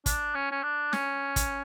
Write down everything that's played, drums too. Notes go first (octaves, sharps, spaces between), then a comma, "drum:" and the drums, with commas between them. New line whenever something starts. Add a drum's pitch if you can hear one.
D4, drum: kick, hi-hat
C#4
C#4
D4
C#4, drum: snare
drum: kick, hi-hat